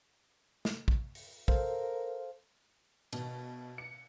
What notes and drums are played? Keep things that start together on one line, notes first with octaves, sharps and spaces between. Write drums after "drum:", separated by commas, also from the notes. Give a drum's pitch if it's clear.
drum: snare
drum: kick
drum: open hi-hat
A4 A#4 C5 F5, drum: kick
B2, drum: cymbal
C#7